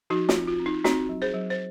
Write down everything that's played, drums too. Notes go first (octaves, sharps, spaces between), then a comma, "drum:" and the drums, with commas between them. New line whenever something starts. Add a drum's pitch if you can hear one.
F3 D#4 F#4
F4, drum: snare
C4
F4
C4
D#4
C4 D#4 F#4, drum: snare
F#3
G#4 C5
F#3
C5